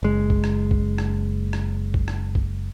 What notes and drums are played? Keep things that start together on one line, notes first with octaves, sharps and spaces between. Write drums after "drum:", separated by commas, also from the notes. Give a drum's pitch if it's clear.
F#1 G#3
drum: kick
drum: rim click
drum: kick
drum: rim click
drum: rim click
drum: kick
drum: rim click
drum: kick